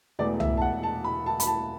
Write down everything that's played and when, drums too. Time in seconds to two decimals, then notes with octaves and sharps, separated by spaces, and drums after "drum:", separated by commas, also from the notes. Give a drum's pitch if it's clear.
0.19 E1 E2 E3 A3 D5
0.40 E5, drum: tom C2
0.57 A5
0.62 F#5
0.83 A5
1.04 B5
1.26 A5
1.40 B5, drum: hi-hat
1.47 A5